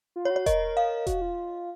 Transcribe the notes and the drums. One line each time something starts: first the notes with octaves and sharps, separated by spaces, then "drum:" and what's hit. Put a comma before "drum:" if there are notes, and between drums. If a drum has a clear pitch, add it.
F4
C#5
F#4
C#5
A#4 D#5, drum: kick E1, hi-hat
F5
F#4, drum: kick E1, hi-hat
F4